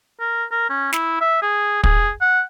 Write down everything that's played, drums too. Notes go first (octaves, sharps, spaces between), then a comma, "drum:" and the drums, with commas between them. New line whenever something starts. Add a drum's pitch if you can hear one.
A#4
A#4
C#4
E4, drum: snare
E5
G#4
G#4, drum: kick
F#5